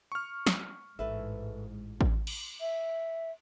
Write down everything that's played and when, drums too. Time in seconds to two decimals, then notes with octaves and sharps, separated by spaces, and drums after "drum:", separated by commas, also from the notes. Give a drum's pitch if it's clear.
0.12 C#6 F6
0.47 drum: snare
0.99 A1 G#2 A4 B4 E5
2.01 drum: kick A1
2.27 drum: cymbal
2.61 E5